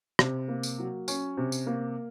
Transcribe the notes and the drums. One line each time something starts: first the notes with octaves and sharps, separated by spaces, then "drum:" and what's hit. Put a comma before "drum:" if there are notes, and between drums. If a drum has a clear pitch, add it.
C3, drum: rim click
A#3
drum: tambourine
F#3
C#4, drum: tambourine
C3
drum: tambourine
A#3